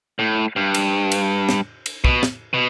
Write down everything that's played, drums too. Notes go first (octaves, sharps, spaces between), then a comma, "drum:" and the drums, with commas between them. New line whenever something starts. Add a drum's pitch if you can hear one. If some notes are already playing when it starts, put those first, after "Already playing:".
A2
G2
drum: cymbal
drum: cymbal
drum: snare
drum: cymbal
B2, drum: kick
drum: snare
B2